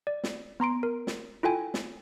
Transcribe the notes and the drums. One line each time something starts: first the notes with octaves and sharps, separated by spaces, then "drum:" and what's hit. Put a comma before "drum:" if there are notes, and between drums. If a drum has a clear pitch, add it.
D5
drum: snare
B3 A#5 C6 D7
A#4
drum: snare
E4 F4 A4 G5 G#5
drum: snare